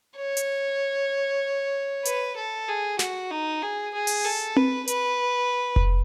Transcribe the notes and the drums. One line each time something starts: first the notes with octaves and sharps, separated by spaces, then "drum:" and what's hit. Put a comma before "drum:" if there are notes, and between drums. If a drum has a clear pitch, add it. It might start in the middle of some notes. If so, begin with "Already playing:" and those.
C#5
drum: hi-hat
B4, drum: hi-hat
A4
G#4
F#4, drum: snare
D#4
G#4
G#4
drum: open hi-hat
A4
B4, drum: tom C4
B4, drum: hi-hat
drum: kick F1